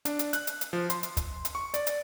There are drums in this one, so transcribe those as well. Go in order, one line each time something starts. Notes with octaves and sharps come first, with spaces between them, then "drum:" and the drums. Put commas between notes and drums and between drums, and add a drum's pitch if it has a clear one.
D4, drum: hi-hat
drum: hi-hat
F#6, drum: hi-hat
drum: hi-hat
drum: hi-hat
F3
C6, drum: hi-hat
drum: hi-hat
drum: kick, hi-hat
drum: hi-hat
C#6
D5, drum: hi-hat
drum: hi-hat